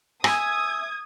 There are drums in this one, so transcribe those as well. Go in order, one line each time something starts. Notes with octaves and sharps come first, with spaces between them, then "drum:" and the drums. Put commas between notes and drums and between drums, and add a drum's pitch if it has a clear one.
E5 G#5 D#6 G#6, drum: rim click